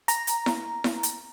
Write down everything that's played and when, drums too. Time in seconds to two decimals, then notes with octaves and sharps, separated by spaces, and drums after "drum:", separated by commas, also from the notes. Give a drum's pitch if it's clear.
0.08 A#5, drum: hi-hat
0.27 drum: hi-hat
0.46 drum: snare E4
0.84 drum: snare E4
1.03 drum: hi-hat